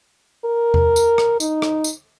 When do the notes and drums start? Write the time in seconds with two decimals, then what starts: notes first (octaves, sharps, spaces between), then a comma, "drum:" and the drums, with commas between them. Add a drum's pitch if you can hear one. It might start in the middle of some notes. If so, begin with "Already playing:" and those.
0.45 A#4
0.74 drum: tom E2
0.96 drum: tambourine
1.18 drum: rim click
1.40 D#4, drum: tambourine
1.62 drum: rim click
1.84 drum: tambourine